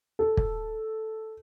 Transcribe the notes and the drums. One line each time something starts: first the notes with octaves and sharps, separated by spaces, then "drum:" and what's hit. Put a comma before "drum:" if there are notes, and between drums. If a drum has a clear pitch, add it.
A4
drum: kick